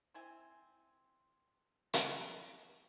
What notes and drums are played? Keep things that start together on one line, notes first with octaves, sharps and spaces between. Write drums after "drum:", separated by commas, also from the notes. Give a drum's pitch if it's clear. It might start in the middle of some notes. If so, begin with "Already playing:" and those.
C4 E4 G#5
drum: hi-hat